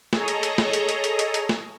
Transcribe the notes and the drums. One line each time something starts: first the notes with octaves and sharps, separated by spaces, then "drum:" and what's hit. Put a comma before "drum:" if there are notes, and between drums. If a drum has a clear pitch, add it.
G#4 A4 C#5 D#5 A#5, drum: snare
drum: hi-hat
drum: hi-hat
drum: snare
drum: hi-hat
drum: hi-hat
drum: hi-hat
drum: hi-hat
drum: hi-hat
drum: snare